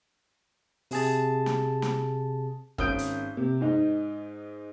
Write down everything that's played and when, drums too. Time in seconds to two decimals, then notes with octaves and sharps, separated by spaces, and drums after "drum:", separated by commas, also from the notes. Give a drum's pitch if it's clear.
0.91 C3 G#4 A5, drum: open hi-hat
1.46 drum: snare
1.82 drum: snare
2.78 G#1 C#4 D#6 G6 D7, drum: kick
2.99 drum: hi-hat
3.37 C3
3.61 G#2 D#4